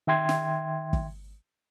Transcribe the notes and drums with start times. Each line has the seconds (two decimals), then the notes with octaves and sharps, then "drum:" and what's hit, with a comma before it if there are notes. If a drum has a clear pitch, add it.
0.07 D#3 E5 G5 C6 G#6
0.29 drum: snare
0.93 drum: kick